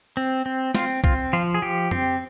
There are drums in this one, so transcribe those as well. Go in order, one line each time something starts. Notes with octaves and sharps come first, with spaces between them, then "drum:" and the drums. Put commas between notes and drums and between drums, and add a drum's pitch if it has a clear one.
C4
C4
C4 F4, drum: snare
C4 F4, drum: kick B1
F3 F4
G#4
F3 G4
C4, drum: tom F2